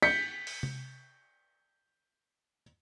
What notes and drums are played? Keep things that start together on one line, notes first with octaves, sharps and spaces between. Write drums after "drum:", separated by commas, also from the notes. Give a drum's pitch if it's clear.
G6 B6 C#7, drum: cymbal
drum: open hi-hat
drum: tom C3